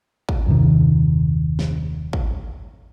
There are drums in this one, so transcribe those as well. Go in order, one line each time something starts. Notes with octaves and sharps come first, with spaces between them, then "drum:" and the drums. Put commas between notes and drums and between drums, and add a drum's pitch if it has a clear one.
drum: kick
D#1 F#2 C3 D#3
drum: snare
drum: kick